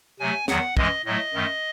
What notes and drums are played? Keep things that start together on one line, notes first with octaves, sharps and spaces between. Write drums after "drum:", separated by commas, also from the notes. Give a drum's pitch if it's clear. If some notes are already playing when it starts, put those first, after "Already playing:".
C3 F#3 A3 G#5
E2 D#3 F#3 F#5, drum: snare
F#2 E3 G#3 D#5, drum: kick
A2 F#3 A3 D#5
F#2 D#3 A3